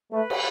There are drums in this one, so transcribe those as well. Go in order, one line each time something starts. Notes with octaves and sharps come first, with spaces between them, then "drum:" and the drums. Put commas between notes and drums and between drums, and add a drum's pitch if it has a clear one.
A3 B4
drum: cymbal